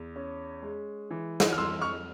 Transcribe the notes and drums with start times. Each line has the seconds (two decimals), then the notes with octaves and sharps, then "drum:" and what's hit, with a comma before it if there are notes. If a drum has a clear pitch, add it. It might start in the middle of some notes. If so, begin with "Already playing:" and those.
Already playing: E2
0.16 C#4
0.63 G#3
1.11 E3
1.40 drum: snare
1.52 F6
1.57 F2 C6 E6
1.81 C#6 F6